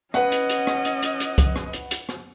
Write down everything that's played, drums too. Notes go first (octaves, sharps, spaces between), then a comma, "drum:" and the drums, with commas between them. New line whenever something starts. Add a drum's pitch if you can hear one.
C#4 B4 D#5 F#5, drum: rim click
drum: hi-hat
drum: hi-hat
drum: rim click
drum: hi-hat
drum: hi-hat
drum: hi-hat
drum: kick C2, hi-hat
drum: rim click
drum: hi-hat
drum: hi-hat
drum: rim click